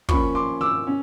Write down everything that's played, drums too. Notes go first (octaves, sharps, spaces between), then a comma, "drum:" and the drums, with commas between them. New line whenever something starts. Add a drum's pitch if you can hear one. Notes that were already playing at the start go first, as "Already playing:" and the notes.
F3 A#3 C#4 B5 C#6, drum: kick
C6 D6
D6 E6
C#4